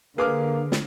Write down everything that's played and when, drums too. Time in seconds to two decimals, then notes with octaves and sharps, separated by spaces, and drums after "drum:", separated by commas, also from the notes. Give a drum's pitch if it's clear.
0.18 D3 A#3 G#4 B4 F5 D6 F6
0.72 drum: snare